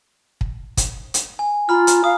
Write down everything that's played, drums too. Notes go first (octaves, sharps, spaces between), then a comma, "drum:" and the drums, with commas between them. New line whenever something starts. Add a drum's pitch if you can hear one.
drum: kick
drum: kick, hi-hat
drum: hi-hat
G#5
F4 A#5 B5 F6
drum: hi-hat
F5 D#6